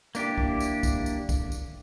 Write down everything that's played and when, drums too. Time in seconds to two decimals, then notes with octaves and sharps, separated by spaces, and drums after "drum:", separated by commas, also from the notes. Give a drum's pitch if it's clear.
0.15 A#3 D4 E4 G4, drum: tambourine
0.38 drum: kick
0.60 drum: tambourine
0.83 drum: kick, tambourine
1.06 drum: tambourine
1.29 drum: kick, tambourine
1.52 drum: tambourine